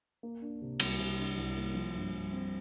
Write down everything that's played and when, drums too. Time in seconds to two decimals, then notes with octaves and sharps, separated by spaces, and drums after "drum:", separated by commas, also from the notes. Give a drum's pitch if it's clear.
0.23 A#3
0.42 D4
0.62 C3
0.80 C2, drum: cymbal
0.99 C3
1.18 D4
1.38 C2
1.57 A#3
1.75 F3
1.95 G2
2.13 G2
2.33 C4